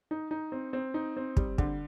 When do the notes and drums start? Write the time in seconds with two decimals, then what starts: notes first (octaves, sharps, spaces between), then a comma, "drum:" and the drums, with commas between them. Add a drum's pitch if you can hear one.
0.11 D#4
0.31 D#4
0.52 C4
0.73 C4
0.94 D#4
1.17 C4
1.37 G3, drum: kick
1.58 D3, drum: kick